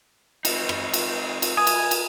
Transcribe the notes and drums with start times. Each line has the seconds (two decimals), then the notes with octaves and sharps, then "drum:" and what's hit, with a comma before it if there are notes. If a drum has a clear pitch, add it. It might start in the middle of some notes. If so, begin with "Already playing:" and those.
0.45 C4 D#4, drum: cymbal
0.69 drum: rim click
0.94 drum: cymbal
1.42 drum: cymbal
1.57 G#5 D#6
1.67 drum: cymbal
1.91 drum: cymbal